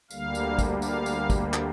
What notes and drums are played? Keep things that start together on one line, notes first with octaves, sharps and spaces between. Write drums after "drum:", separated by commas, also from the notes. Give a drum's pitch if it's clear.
D2 D3 G3 A#3 F5, drum: tambourine
drum: tambourine
drum: kick, tambourine
F5, drum: tambourine
drum: tambourine
drum: kick, tambourine
drum: clap